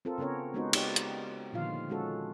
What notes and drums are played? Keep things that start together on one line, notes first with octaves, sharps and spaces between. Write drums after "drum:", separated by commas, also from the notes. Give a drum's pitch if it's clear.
C4 F4 A4 A#4
C#3 B3 C#4 A#4 C#5
G#3 B3 C4 D#4 F#4 C5
D#4 G4 D5, drum: cymbal
drum: hi-hat
A#2 D3 D#3 F3 F4 F5
G#3 C#4 F#4 A4